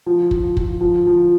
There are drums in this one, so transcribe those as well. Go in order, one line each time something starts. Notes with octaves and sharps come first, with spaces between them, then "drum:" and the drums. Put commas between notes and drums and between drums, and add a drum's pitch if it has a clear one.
F3
F3, drum: kick
F3, drum: kick
F3
F3